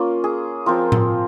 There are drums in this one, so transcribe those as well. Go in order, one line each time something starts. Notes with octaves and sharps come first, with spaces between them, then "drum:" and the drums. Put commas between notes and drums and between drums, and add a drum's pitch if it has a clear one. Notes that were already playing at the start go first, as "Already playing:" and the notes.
Already playing: A#3 C#4 F4
G#4
F3 C4 F4 A#4
drum: tom A2